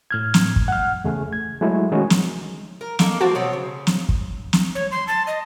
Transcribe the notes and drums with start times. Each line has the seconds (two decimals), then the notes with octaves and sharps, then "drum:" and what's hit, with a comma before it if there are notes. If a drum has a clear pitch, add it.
0.11 A2 F6 G#6
0.34 drum: snare
0.56 drum: kick
0.68 F#5 F6
1.04 E2 C#3 A3 G#4
1.33 G#6
1.61 F#3 G#3 A3 E4
1.92 D#3 G#3 C#4 D#4 F#4
2.10 drum: snare
2.81 A#4
2.99 A#3 D#4 A4, drum: snare
3.21 E3 A#3 C4 F#4 A5
3.35 B2 C4 C#5
3.53 C#3
3.87 drum: snare
4.09 drum: kick
4.53 drum: snare
4.75 C#5
4.91 C6
5.07 A5
5.27 D#5